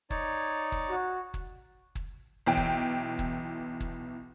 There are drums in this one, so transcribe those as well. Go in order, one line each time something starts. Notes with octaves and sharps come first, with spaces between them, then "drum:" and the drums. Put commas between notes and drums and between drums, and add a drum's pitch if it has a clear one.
D#4 C#5 D5, drum: kick
drum: kick
F#4
drum: kick
drum: kick
B1 E3 G5
drum: kick
drum: kick
drum: kick